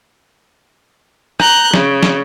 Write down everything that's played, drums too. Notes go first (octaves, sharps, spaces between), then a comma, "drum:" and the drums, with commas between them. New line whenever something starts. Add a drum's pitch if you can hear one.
A#5 F#6 G6, drum: rim click
C#3, drum: snare
drum: snare